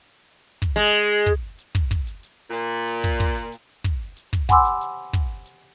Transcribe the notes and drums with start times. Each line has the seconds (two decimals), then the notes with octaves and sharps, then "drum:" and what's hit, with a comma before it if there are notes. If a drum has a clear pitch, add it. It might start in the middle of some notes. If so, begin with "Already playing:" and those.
0.62 drum: kick, hi-hat
0.76 G#3, drum: hi-hat
1.26 drum: kick, hi-hat
1.59 drum: hi-hat
1.75 drum: kick, hi-hat
1.91 drum: kick, hi-hat
2.07 drum: hi-hat
2.23 drum: hi-hat
2.50 A#2
2.88 drum: hi-hat
3.04 drum: kick, hi-hat
3.20 drum: kick, hi-hat
3.36 drum: hi-hat
3.52 drum: hi-hat
3.84 drum: kick, hi-hat
4.17 drum: hi-hat
4.33 drum: kick, hi-hat
4.49 F#5 G#5 B5 C6 D6 E6, drum: kick, hi-hat
4.65 drum: hi-hat
4.81 drum: hi-hat
5.13 drum: kick, hi-hat
5.46 drum: hi-hat